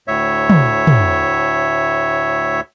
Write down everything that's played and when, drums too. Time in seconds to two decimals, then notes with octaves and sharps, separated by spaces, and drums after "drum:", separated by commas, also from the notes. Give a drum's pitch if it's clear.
0.08 D2 A2 C#5 E5
0.50 drum: tom
0.87 drum: tom